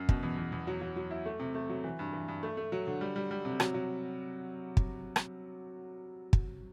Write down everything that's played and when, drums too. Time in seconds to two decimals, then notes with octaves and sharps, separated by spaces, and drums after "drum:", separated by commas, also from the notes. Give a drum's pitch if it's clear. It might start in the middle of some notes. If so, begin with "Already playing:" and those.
Already playing: F#2
0.09 B2, drum: kick
0.23 E2
0.37 E2
0.52 E2
0.67 F#3
0.82 F#3
0.96 F#3
1.11 E4
1.26 A3
1.40 C3
1.55 A3
1.69 F#3
1.84 E3
1.99 G2
2.13 E3
2.28 G2
2.43 A3
2.57 A3
2.72 F#3
2.87 D3
3.01 G3
3.16 G3
3.31 G3
3.45 C3
3.60 F#3, drum: rim click
3.74 F#3
4.77 drum: kick
5.16 drum: rim click
6.33 drum: kick